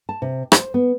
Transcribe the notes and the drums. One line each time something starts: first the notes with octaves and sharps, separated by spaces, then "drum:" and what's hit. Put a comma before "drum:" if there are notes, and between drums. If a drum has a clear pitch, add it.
A5
C3
C5, drum: rim click
B3